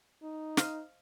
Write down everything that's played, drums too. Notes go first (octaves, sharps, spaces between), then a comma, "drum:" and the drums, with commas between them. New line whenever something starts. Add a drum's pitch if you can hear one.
D#4
C5 D#5 F5, drum: snare